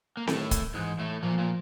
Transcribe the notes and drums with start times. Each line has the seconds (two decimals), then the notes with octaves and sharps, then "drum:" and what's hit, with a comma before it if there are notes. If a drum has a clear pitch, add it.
0.17 A#3
0.27 A2 D#3 A3, drum: snare C4
0.51 drum: kick, hi-hat
0.74 G#2 E3 G#3
0.99 A2 A3
1.22 A#2 F3 A#3
1.38 A#2 A#3